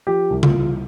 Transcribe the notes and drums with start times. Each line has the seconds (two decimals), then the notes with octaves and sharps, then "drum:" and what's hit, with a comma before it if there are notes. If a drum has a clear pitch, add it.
0.07 F3 G4
0.30 C2
0.43 F4, drum: tom C#3
0.55 C2